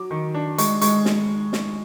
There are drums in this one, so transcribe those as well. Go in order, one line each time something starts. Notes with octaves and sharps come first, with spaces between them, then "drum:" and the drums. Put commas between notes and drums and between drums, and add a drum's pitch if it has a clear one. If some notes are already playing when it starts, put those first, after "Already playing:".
Already playing: F#3 D6
D#3
D4
G#3 C#6, drum: hi-hat
G#3 C#6, drum: hi-hat
drum: snare
drum: snare